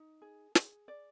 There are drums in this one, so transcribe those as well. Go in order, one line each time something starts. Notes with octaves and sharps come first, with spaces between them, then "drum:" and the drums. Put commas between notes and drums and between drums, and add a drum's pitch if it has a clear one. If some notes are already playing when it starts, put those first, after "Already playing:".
Already playing: D#4
G#4
G#4, drum: snare
D5